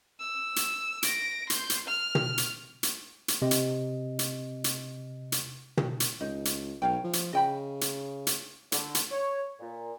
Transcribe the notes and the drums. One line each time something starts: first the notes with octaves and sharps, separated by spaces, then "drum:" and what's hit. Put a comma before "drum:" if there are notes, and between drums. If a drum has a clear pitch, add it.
E6
drum: hi-hat
A#6 D7, drum: hi-hat
C6 G6, drum: hi-hat
drum: hi-hat
F6
drum: tom
drum: hi-hat
drum: hi-hat
drum: hi-hat
C3 D#5
drum: hi-hat
drum: hi-hat
drum: hi-hat
drum: hi-hat
drum: tom
drum: hi-hat
C#2 D#4
drum: hi-hat
B1 C#5 F5 G5
F3
drum: hi-hat
C#3 D#5 G5 B5
drum: hi-hat
drum: hi-hat
D3, drum: hi-hat
drum: hi-hat
C#5
A#2